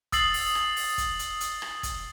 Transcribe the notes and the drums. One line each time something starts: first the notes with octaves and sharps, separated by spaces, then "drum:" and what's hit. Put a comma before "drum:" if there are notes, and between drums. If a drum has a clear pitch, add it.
D#6 E6 A6 C7 F#7, drum: kick, hi-hat
drum: open hi-hat
drum: rim click
drum: open hi-hat
drum: kick, hi-hat
drum: hi-hat
drum: hi-hat
drum: rim click
drum: kick, hi-hat